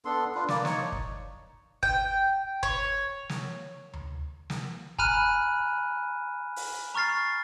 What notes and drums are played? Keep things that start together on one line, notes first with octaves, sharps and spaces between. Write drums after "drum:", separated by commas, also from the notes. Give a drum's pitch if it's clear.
B3 D4 A4 C6
D4 F4 B4
A#3 D5, drum: snare
D#4 C#5 C#6, drum: snare
drum: kick
G5, drum: kick
C#5, drum: kick
drum: snare
drum: tom D2
drum: snare
G#5 A#5 B5 F6 F#6 D#7, drum: kick
drum: open hi-hat
A#5 C#6 F6 A6 C7